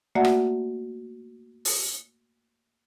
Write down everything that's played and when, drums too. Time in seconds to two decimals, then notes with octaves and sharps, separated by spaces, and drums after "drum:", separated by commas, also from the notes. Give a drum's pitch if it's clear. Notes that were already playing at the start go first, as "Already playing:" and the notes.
0.15 A3 A#3 F#4 D5 E5 F#5
0.25 drum: rim click
1.65 drum: open hi-hat